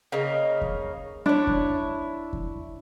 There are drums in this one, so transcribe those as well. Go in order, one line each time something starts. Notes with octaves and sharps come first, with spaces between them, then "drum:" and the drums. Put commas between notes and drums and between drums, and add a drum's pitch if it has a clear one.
C#3 A#3 D#4
drum: kick E2
D4 E4 C#5
drum: kick E2
drum: kick E2